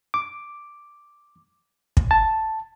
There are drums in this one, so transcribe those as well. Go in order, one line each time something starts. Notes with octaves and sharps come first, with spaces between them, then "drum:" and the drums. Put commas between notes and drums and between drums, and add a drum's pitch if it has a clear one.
D6
drum: kick
A5